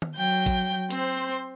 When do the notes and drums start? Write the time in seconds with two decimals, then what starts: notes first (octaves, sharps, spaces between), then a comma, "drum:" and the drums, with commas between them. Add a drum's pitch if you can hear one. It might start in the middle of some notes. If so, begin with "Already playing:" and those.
0.02 drum: tom
0.17 F#3 G5 G6
0.46 drum: kick A1, hi-hat
0.91 C4 C5 C6, drum: hi-hat